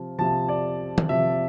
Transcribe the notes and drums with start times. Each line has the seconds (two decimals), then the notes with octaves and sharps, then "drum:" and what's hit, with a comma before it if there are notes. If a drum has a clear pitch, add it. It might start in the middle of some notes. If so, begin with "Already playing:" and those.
Already playing: C3 F3
0.19 C3 F3 A5
0.48 D5
0.98 drum: tom D#3
1.09 C3 F3 E5